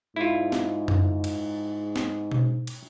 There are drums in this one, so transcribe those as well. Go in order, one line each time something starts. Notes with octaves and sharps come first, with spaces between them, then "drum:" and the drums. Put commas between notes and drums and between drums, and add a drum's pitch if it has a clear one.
G#2 E4 F4
drum: snare
drum: tom F#2
drum: cymbal
drum: snare
drum: tom B2
drum: cymbal